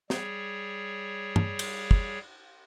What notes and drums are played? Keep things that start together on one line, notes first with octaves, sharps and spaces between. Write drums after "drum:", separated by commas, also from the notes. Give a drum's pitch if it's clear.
G3 G#4 C#5, drum: snare
drum: tom
drum: cymbal
drum: kick